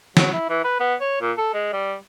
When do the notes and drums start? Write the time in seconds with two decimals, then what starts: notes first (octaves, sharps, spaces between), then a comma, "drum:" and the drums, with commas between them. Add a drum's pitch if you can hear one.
0.17 F#3, drum: snare
0.33 E4
0.49 E3
0.64 B4
0.80 B3
1.01 C#5
1.21 A#2
1.37 A4
1.53 G#3
1.73 G3